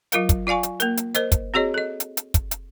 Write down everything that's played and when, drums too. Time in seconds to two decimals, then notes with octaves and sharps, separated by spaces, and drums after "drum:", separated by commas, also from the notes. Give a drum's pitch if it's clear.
0.12 F#3 F4 A#4 F5, drum: hi-hat
0.29 drum: kick, hi-hat
0.47 F4 D5 F5 G#5 C#6
0.63 drum: hi-hat
0.80 A#3 A#4, drum: hi-hat
0.97 drum: hi-hat
1.15 A#4 C5 D#5, drum: hi-hat
1.32 drum: kick, hi-hat
1.54 C4 F#4 G#4 C#5 D#5
1.74 A4 D#5
2.00 drum: hi-hat
2.17 drum: hi-hat
2.34 drum: kick, hi-hat
2.51 drum: hi-hat